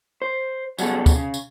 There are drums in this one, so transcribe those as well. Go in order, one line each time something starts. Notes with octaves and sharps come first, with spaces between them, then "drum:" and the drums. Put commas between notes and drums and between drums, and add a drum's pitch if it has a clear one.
C5
C#3 F#3 G3 B3 G#4 A4, drum: tambourine
drum: kick, tambourine
C#3
drum: tambourine